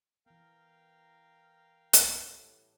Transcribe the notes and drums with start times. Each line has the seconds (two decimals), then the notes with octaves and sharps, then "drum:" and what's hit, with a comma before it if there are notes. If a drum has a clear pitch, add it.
0.26 E3 B3 A#4 F5 G5
1.93 A2 B3 G4 A4, drum: hi-hat